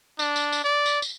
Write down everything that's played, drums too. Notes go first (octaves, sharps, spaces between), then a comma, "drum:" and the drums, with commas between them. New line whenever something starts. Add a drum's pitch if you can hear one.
D4, drum: tambourine
drum: tambourine
drum: tambourine
D5
drum: tambourine
drum: tambourine